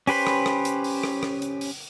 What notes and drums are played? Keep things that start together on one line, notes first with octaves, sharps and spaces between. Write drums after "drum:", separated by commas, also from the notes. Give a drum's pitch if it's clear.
C#4 G4 B4 C5 B5, drum: open hi-hat
drum: rim click
drum: rim click
drum: hi-hat
drum: open hi-hat
drum: rim click
drum: rim click
drum: hi-hat
drum: open hi-hat